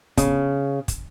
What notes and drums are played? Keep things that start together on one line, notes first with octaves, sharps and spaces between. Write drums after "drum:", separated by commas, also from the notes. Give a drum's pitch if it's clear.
C#3, drum: kick, hi-hat
drum: kick, hi-hat